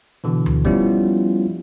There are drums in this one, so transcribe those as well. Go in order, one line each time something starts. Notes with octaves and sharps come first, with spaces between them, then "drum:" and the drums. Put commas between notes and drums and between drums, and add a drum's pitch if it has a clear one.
B2 D3 E3
drum: tom D2
F3 G3 B3 C#4 E4 F4, drum: kick